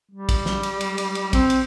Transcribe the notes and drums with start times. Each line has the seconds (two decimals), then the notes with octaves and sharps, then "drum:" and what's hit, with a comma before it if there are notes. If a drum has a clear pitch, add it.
0.11 G3
0.29 drum: kick A#1, cymbal
0.46 drum: snare
0.63 drum: cymbal
0.81 drum: cymbal
0.98 drum: cymbal
1.15 drum: cymbal
1.33 C4, drum: kick A#1, cymbal
1.50 drum: cymbal